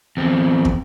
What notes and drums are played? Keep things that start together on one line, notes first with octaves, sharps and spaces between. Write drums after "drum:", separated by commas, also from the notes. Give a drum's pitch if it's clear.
E2 C4
drum: kick